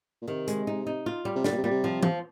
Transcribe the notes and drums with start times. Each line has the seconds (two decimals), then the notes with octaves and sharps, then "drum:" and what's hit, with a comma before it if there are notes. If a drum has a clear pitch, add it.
0.22 A#2
0.28 C3 D#3
0.48 G#3, drum: hi-hat
0.67 D#4
0.87 D#4
1.06 F4
1.25 G3
1.36 C3
1.44 D3 G3, drum: snare
1.52 A#2
1.57 C3
1.64 A#2 G3
1.71 C3
1.84 F3
2.03 F3, drum: tom